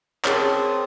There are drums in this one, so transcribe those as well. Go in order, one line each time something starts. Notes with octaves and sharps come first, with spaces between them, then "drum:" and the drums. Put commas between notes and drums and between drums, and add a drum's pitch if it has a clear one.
C4 C#4 G#4 A#4 C#5 A5 D#6, drum: clap